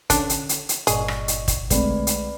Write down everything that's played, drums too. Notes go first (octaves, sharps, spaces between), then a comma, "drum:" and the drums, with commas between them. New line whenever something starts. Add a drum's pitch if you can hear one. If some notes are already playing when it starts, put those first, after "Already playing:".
D3 C#4 D4 A4, drum: kick, hi-hat
drum: hi-hat
drum: hi-hat
drum: hi-hat
G1 G2 A#2 G#4 D5 D#5 C#6, drum: hi-hat
drum: rim click
drum: hi-hat
drum: kick, hi-hat
B1 D3 G#3 A3 C4 B4 D5 B5, drum: kick, hi-hat
drum: hi-hat